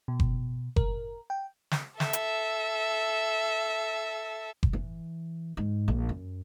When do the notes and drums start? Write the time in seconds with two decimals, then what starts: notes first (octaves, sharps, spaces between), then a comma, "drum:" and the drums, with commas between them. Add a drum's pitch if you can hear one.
0.08 B2
0.20 drum: kick F#1
0.76 A#4, drum: kick F#1
1.30 G5
1.71 drum: snare
2.00 A4 E5, drum: snare
2.13 drum: hi-hat
4.63 drum: kick F#1
4.73 E3
5.57 G#2
5.88 A#1
6.09 F#2